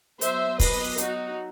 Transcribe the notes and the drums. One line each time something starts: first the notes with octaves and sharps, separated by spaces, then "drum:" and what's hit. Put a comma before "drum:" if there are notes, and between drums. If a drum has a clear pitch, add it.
F#3 B3 C5 E5, drum: hi-hat
B4 D#5, drum: kick, open hi-hat
D#4 F#4, drum: hi-hat